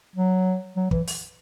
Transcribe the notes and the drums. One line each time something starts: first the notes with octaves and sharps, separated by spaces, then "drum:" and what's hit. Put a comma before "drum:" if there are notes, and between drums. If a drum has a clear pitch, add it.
F#3
F#3
E3, drum: kick
drum: open hi-hat